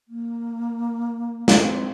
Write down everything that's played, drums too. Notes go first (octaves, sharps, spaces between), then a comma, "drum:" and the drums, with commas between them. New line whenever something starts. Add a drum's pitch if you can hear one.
A#3
D4, drum: snare
C4